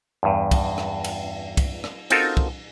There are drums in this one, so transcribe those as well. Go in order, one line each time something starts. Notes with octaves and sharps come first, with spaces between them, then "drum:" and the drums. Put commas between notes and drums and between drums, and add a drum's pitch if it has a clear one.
E2 G2
drum: kick, cymbal
drum: rim click
drum: cymbal
drum: kick, cymbal
drum: rim click
C4 D#4 F4 F#4 A4 A#4, drum: cymbal
drum: kick